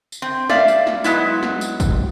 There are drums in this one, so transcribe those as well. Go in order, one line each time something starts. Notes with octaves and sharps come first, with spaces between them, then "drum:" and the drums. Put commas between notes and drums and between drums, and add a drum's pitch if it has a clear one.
drum: tambourine
C4
D5 E5 F5, drum: snare
drum: tambourine
drum: snare
F#3 G#3 B3 E4, drum: tambourine
drum: snare
drum: tambourine
drum: kick, tambourine